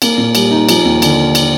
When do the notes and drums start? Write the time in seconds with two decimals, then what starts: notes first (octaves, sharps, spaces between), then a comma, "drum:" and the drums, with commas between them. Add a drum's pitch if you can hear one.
0.02 A#3, drum: cymbal
0.18 A#2
0.35 G3, drum: cymbal
0.51 D#4
0.69 F3, drum: cymbal
0.85 D#2
1.02 D3, drum: cymbal
1.35 drum: cymbal